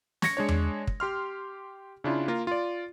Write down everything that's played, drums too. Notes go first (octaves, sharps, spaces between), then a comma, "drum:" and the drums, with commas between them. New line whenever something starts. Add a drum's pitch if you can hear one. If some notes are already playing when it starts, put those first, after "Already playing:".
C#6 G#6 A#6 C#7, drum: snare
G#3 D4 C#5
drum: tom E2
drum: kick
G4 C6 F6
C#3 D4 E4 F4
A#3 F4 A#4
F4 D5